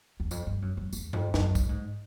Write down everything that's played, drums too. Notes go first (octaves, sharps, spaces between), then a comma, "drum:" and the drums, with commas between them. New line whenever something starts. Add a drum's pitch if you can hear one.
E2
F2, drum: tambourine
G2
F#2
F#2
E2, drum: tambourine
F2, drum: tom G2
F#2, drum: snare
A2, drum: kick, tambourine
G#2